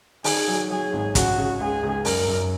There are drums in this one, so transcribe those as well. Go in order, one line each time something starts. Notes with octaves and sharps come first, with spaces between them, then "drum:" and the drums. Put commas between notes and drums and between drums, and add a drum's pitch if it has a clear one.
D#3 G#4, drum: open hi-hat
F#3
F#3 G#4
G#1
C#3 F#4, drum: kick, hi-hat
C#3
C#2 G#4
C#2
F#2 A#4, drum: open hi-hat
F#2